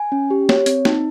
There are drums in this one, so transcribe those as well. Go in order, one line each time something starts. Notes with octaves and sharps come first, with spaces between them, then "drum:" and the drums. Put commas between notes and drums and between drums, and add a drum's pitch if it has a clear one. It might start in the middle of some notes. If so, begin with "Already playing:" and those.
Already playing: G#5
C#4
G4
C#5, drum: snare
C4, drum: hi-hat
D#4, drum: snare